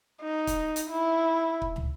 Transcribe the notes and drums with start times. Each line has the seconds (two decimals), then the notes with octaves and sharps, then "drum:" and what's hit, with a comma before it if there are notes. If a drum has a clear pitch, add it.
0.22 D#4
0.47 drum: kick, hi-hat
0.76 drum: hi-hat
0.90 E4
1.62 drum: kick
1.76 drum: tom